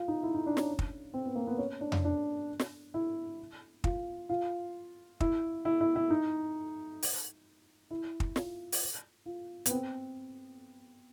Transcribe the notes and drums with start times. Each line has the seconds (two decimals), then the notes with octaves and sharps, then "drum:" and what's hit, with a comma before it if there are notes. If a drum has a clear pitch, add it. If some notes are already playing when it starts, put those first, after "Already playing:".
Already playing: F4
0.08 D#4
0.23 E4
0.34 D#4
0.46 D4
0.57 C#4, drum: snare
0.79 drum: kick
1.14 C4
1.25 B3
1.36 A#3
1.47 B3
1.58 C#4
1.81 D4
1.92 drum: tom F2
2.04 D4
2.59 drum: snare
2.94 E4
3.84 F4, drum: kick
4.29 F4
5.20 E4, drum: kick
5.65 E4
5.81 E4
5.96 E4
6.10 D#4
7.03 drum: open hi-hat
7.91 E4
8.20 drum: kick
8.36 F4, drum: snare
8.72 drum: open hi-hat
9.26 F4
9.66 B3, drum: hi-hat
9.71 C4